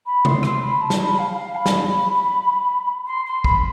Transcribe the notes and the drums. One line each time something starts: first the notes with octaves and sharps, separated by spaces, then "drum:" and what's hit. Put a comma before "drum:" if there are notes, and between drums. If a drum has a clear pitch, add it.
B5
C6, drum: tom
C6, drum: rim click
B5
A5
drum: snare
B5
F5
F5
B5
drum: snare
C6
C6
B5, drum: kick